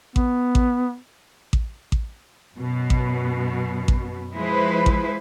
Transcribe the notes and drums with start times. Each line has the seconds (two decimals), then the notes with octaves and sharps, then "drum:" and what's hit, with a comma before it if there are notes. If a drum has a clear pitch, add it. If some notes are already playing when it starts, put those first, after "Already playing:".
0.16 B3, drum: kick A1
0.55 drum: kick A1
1.53 drum: kick A1
1.92 drum: kick A1
2.56 F#2 B2
2.90 drum: kick A1
3.88 drum: kick A1
4.35 F3 G#3 E4 B4 C5
4.86 drum: kick A1